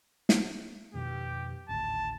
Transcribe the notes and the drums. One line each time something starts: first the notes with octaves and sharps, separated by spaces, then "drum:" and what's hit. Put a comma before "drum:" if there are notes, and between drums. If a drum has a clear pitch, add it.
drum: snare
F2 B2 D#3 G4
G#1 D2 A2 A5